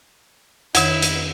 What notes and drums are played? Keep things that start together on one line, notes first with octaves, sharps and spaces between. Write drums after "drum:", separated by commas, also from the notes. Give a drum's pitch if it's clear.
F2 D#3 D#4 E4, drum: hi-hat
drum: hi-hat